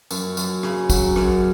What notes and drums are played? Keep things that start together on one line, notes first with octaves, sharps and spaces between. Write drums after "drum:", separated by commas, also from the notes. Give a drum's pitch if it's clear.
F#2, drum: tambourine
F#2, drum: tambourine
C#3, drum: rim click
F#3, drum: kick, tambourine
F#2, drum: rim click